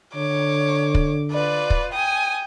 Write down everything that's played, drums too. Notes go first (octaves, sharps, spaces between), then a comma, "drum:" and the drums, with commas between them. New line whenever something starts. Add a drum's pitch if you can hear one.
D3 C#5 D6
drum: kick
F4 B4 D5
drum: kick
G5 G#5 D#6